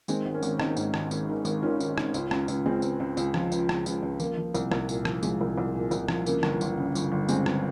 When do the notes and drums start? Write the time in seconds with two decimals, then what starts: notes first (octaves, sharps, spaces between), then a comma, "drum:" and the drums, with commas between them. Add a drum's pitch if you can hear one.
0.08 D#3 G#3 C4, drum: tambourine
0.25 G#1
0.34 A#3 C#4
0.43 G#1, drum: tambourine
0.60 G#1 C4 D#4, drum: rim click
0.77 G#2, drum: tambourine
0.94 G#1, drum: rim click
1.11 G#1, drum: tambourine
1.29 D#3
1.45 G#1, drum: tambourine
1.62 D#3 C#4 F4
1.80 D#3, drum: tambourine
1.98 D#3, drum: rim click
2.14 C#2, drum: tambourine
2.31 C#2, drum: rim click
2.48 C#2, drum: tambourine
2.66 C#2 G#3 C4
2.82 C#2, drum: tambourine
3.00 C#2
3.17 C#2, drum: tambourine
3.34 F3, drum: rim click
3.52 C#2, drum: tambourine
3.69 C#2, drum: rim click
3.86 C#2, drum: tambourine
4.02 C#2
4.20 F3 A#3, drum: tambourine
4.38 F3
4.54 C2, drum: tambourine
4.72 C2, drum: rim click
4.89 A#2, drum: tambourine
5.05 F3, drum: rim click
5.23 F3 G#3, drum: tambourine
5.41 C2
5.58 C2
5.75 A#2
5.91 C2, drum: tambourine
6.08 F3, drum: rim click
6.26 C#3 A#3, drum: tambourine
6.43 G1, drum: rim click
6.61 G1, drum: tambourine
6.77 C#3
6.95 G1, drum: tambourine
7.12 G1
7.29 C#3 G#3 C4, drum: tambourine
7.46 drum: rim click